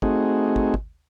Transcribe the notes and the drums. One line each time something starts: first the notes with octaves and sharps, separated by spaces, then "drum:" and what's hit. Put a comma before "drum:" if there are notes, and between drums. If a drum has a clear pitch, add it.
A3 C4 D#4 F#4 G#4, drum: kick
drum: kick
drum: kick